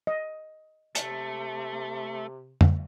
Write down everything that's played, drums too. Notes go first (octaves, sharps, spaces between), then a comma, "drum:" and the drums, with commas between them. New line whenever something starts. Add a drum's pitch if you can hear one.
D#5
C3 A3, drum: hi-hat
drum: tom F2